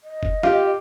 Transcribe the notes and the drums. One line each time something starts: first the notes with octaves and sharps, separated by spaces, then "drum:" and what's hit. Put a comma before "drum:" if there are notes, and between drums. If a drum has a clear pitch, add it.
D#5
drum: kick
F4 G4, drum: snare